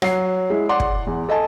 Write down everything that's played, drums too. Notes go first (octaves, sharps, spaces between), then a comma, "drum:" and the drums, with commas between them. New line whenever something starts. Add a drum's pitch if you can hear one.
F#3 C7, drum: rim click
G#3 E4
D5 F#5 C6 D6
drum: kick
E2
A4 D#5 G#5 A5